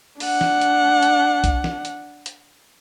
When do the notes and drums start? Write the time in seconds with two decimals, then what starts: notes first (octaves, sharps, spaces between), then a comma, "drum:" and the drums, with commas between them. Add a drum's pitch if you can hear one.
0.20 D4 F#5, drum: open hi-hat
0.41 drum: snare
0.61 drum: hi-hat
1.03 drum: hi-hat
1.44 drum: kick, hi-hat
1.64 drum: snare
1.85 drum: hi-hat
2.26 drum: hi-hat